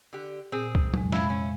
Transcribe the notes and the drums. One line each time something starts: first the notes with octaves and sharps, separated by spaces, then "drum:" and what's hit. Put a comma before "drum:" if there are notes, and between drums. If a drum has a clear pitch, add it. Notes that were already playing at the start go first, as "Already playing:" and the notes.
D3 G4
A#2 C4 G#4
drum: kick C2
F2 C3 G#3, drum: tom F#3
G#3 E4 F5 G#6, drum: snare
C#4